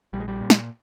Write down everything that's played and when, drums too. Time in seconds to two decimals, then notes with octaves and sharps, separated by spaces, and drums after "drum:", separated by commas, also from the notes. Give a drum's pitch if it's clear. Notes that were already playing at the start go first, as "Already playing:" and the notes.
0.13 A#1 G3
0.20 G#3
0.28 G3
0.41 A#2
0.50 drum: snare